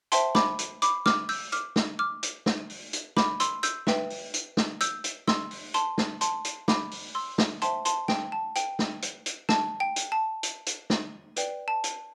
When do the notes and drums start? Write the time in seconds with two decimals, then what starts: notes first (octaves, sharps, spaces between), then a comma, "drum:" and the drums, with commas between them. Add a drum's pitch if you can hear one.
0.12 C5 E5 G5 A5 C6, drum: hi-hat
0.35 B5 D6, drum: snare
0.59 drum: hi-hat
0.82 B5 D6, drum: hi-hat
1.06 D6 F6, drum: snare
1.29 E6 G6, drum: open hi-hat
1.52 D6 F6, drum: hi-hat
1.76 drum: snare
1.99 D6 F6
2.23 drum: hi-hat
2.46 drum: snare
2.70 drum: open hi-hat
2.93 drum: hi-hat
3.17 B5 D6, drum: snare
3.40 C6 E6, drum: hi-hat
3.63 E6 G6, drum: hi-hat
3.87 B4 E5 G5, drum: snare
4.10 drum: open hi-hat
4.34 drum: hi-hat
4.57 drum: snare
4.81 E6 G6, drum: hi-hat
5.04 drum: hi-hat
5.28 C6 E6, drum: snare
5.51 drum: open hi-hat
5.74 A5 C6, drum: hi-hat
5.98 drum: snare
6.21 A5 C6, drum: hi-hat
6.45 drum: hi-hat
6.68 B5 D6, drum: snare
6.91 drum: open hi-hat
7.15 C6 E6
7.38 drum: snare
7.62 C5 E5 G5 A5 C6, drum: hi-hat
7.85 A5 C6, drum: hi-hat
8.08 G5, drum: snare
8.32 A5
8.56 G5, drum: hi-hat
8.79 drum: snare
9.02 drum: hi-hat
9.26 drum: hi-hat
9.49 A5, drum: snare
9.80 G5
9.96 drum: hi-hat
10.12 A5
10.43 drum: hi-hat
10.66 drum: hi-hat
10.90 drum: snare
11.36 B4 D5 G5, drum: hi-hat
11.68 A5
11.84 drum: hi-hat